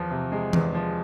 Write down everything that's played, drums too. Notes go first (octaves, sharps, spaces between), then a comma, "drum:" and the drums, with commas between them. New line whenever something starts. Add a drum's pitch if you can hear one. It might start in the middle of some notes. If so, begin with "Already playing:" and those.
Already playing: E2 F3
C3
G#3
E2, drum: tom E3
F3